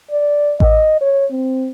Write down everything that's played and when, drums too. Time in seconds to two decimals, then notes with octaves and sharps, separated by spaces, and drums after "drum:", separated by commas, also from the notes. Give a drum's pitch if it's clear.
0.11 D5
0.60 D#5, drum: kick A1
1.01 C#5
1.31 C4